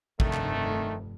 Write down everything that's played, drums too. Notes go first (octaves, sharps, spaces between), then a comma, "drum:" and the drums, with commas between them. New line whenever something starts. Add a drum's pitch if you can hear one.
F1 G2 D3 D#3 A3, drum: kick
drum: clap